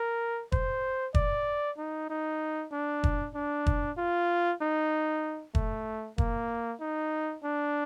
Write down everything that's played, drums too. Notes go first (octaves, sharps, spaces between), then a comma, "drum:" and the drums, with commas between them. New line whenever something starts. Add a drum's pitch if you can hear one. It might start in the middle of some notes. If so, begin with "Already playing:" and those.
Already playing: A#4
C5, drum: kick
D5, drum: kick
D#4
D#4
D4
drum: kick
D4
drum: kick
F4
D#4
A3, drum: kick
A#3, drum: kick
D#4
D4